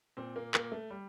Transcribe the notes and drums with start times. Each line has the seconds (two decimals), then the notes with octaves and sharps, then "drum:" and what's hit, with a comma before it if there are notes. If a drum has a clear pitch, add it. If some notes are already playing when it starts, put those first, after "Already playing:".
0.17 A#2 C4
0.36 A#3
0.54 A#3, drum: clap
0.72 A3
0.90 G3